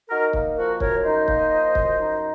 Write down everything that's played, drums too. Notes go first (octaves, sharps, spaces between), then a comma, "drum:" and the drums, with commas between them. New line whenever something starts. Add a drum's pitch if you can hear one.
D#4 F#4 A#4
A#3, drum: kick C#1
F3 F#4 A#4
F#2 A#4 C#5, drum: kick C#1
D#4 C5 D#5
A#3, drum: kick C#1
F3
F#2, drum: kick C#1
D#4